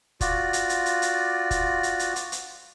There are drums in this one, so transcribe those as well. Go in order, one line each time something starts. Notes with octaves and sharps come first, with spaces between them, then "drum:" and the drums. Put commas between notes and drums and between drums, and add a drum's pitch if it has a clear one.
F4 F#4 D5, drum: kick F1, hi-hat
drum: hi-hat
drum: hi-hat
drum: hi-hat
drum: hi-hat
drum: kick F1, hi-hat
drum: hi-hat
drum: hi-hat
drum: hi-hat
drum: hi-hat